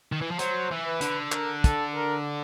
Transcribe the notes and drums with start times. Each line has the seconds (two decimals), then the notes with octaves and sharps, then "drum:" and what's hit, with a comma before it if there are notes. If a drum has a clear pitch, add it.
0.12 D#3
0.21 E3
0.31 F3
0.39 F#3 C5, drum: hi-hat
0.71 E3
0.86 B4
1.01 D3, drum: hi-hat
1.32 A#4, drum: clap
1.64 A4, drum: kick, hi-hat
1.95 A#4